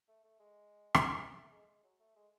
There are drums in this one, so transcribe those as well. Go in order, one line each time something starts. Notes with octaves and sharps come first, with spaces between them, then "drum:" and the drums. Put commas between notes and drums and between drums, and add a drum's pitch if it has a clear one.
A3
A3
G#3
drum: rim click
A3
G#3
G#3
F#3
A3
G#3